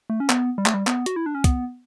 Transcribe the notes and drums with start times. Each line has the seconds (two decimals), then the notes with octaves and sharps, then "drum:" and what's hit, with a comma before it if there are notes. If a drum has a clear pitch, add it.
0.10 A3
0.20 C#4
0.30 B3, drum: clap
0.58 G3
0.66 A3, drum: clap
0.74 G3
0.87 B3, drum: clap
1.06 F#4, drum: hi-hat
1.16 E4
1.26 D4
1.35 C#4
1.44 B3, drum: kick C2, hi-hat